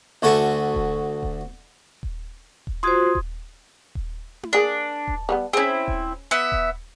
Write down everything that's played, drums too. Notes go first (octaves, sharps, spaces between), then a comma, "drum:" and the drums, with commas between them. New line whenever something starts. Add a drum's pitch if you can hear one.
D2 F#4 A4 G#5 A5 C#6
drum: kick D#1
drum: kick D#1
drum: kick D#1
drum: kick D#1
F4 F#4 C5 C6 D#6 G#6
drum: kick D#1
drum: kick D#1
drum: tom E4
A#3 D4 G#4
drum: kick D#1
F3 G3 B3
C4 C#4 E4 G#4
drum: kick D#1
B3 E5
drum: kick D#1